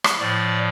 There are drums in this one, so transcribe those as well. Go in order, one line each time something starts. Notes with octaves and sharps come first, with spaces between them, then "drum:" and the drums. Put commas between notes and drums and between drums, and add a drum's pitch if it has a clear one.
drum: rim click
A2 F3 D5